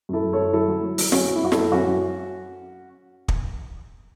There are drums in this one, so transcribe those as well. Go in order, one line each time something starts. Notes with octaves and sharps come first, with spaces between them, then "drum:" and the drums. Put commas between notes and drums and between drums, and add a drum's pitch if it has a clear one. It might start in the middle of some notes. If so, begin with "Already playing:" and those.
F#2 E4 A4
F#2
A4 C#5
F#2
F#3 E4 A4
F#3
F#3
F#3, drum: open hi-hat
F#3 C#4 F#4, drum: snare
F#3
E4
F#2 F#4
E4 A4, drum: snare
F#3
F#2 C#4 F#4
F#2
drum: kick